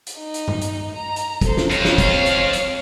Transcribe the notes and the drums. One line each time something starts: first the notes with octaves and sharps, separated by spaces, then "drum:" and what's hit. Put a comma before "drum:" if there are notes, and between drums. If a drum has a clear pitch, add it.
drum: hi-hat
D#4
drum: hi-hat
drum: tom G2
drum: hi-hat
A#5
drum: hi-hat
A4 C5, drum: kick, hi-hat
drum: snare
F2 C#5 F5, drum: hi-hat
drum: snare
drum: kick, hi-hat
drum: hi-hat
drum: hi-hat